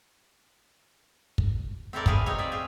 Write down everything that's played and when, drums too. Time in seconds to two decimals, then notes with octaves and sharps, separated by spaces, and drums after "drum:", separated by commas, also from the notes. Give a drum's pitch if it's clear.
1.38 drum: kick
1.93 C4 E4 A4 A#4 D5
2.06 G3 F#4 G#4 B4 F5 G#5, drum: kick
2.26 C4 D#4 G#4 C#5 F5 G#5
2.38 D5 E5
2.52 F4 G#4 E5